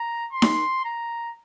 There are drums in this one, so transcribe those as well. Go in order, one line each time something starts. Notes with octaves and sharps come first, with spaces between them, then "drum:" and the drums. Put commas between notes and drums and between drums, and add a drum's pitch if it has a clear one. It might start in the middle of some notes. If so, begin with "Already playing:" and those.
Already playing: A#5
C6
drum: snare D#4
A#5